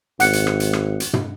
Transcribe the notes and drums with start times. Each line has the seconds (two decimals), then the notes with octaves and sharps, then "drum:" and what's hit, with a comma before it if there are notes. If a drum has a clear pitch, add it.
0.20 G#1 F#5 F#6 C#7, drum: hi-hat
0.33 drum: hi-hat
0.47 drum: rim click
0.60 drum: hi-hat
0.73 drum: rim click
1.00 drum: hi-hat
1.13 drum: tom